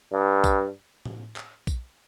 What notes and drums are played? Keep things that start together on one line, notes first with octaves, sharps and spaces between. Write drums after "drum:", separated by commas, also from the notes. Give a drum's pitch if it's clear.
G2
drum: kick B1, tambourine
drum: tom A2
drum: clap
drum: kick B1, tambourine